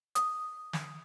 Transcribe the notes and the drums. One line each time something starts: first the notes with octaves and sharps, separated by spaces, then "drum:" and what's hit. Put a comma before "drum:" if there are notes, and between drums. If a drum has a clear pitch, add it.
D#6, drum: hi-hat
drum: snare